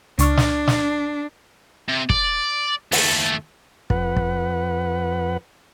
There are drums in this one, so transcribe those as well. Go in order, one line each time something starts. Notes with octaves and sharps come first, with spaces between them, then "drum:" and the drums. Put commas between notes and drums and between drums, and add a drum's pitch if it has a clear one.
C#2 D4 C#6 F6, drum: hi-hat
drum: snare
drum: snare
C3
D5, drum: kick
D#2 A3, drum: open hi-hat
F2 B4 F#5, drum: kick
drum: kick